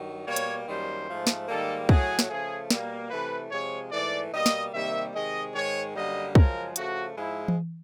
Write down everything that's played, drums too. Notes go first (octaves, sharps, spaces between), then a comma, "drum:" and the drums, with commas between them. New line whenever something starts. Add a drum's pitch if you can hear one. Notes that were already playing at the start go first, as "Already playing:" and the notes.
Already playing: G2 D#3 F#3
B2 G3 A#3 C#5
drum: hi-hat
F#2 D#3 G3 A#3 C5
G#2 F3 A3
drum: snare
G#2 D#3 G3 A#3 A4
A2 F#3 A3 G#4, drum: kick
drum: snare
C#3 F3 A3 G#4
B2 G3 A#3, drum: snare
C3 E3 A3 B4
C3 F3 G#3 C#5
G#2 E3 A3 D5
B2 G3 A#3 D#5
drum: snare
C3 D#3 G3 A#3 E5
C3 D#3 G#3 D#5
G#2 D#3 G#3 C#5
F#2 D3 G3 A#3 D#5
F#2 C#3 F3 G#3 A#4, drum: kick
C#3 F3 A3 F#4, drum: hi-hat
G#2 F3 G#3 E4
drum: tom E3